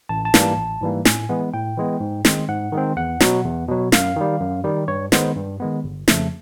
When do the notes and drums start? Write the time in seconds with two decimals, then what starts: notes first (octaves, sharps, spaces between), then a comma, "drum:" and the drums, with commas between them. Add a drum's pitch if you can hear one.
0.09 A1 A5
0.25 A5
0.34 G#2 E3 G3 A#3, drum: snare
0.42 A5
0.57 A1
0.81 G#2 E3 G3 A#3
1.05 A2 G#5, drum: snare
1.29 E3 G#3 B3
1.54 A2 G5
1.77 E3 G#3 B3
2.01 G#2
2.25 D#3 G#3 C4, drum: snare
2.49 G#2 F#5
2.72 D#3 G#3 C4
2.96 E2 F#5
3.20 B2 F#3, drum: snare
3.45 E2
3.68 B2 F#3
3.92 F#2 F5, drum: snare
4.16 D#3 G3
4.40 F#2
4.64 D#3 G3
4.88 G2 C#5
5.12 D#3 G#3 B3 C5, drum: snare
5.36 G2
5.60 D#3 G#3 B3
5.84 G1
6.08 F2 C#3 F3 A3, drum: snare